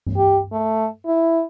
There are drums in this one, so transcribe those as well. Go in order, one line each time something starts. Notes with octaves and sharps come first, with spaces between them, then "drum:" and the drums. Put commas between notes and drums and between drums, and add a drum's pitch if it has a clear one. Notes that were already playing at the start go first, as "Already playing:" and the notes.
drum: tom G2
G4
A3
E4